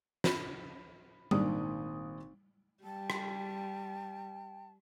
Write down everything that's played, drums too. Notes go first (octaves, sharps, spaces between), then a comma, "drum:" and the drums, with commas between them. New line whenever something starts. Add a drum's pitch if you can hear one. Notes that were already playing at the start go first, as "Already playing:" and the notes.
B5, drum: snare
G#1 A#2 D4 D#6, drum: tom G3
G3 G5 A5
drum: rim click